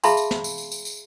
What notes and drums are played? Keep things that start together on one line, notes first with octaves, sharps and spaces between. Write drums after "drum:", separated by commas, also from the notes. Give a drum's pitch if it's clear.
G#4 E5 F5 A5 B5 C6, drum: tambourine
drum: tambourine
drum: snare
drum: tambourine
drum: tambourine
drum: tambourine
drum: tambourine